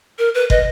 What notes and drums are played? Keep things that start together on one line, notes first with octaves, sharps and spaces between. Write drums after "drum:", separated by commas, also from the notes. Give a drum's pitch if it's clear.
A#4
B4
D#5, drum: kick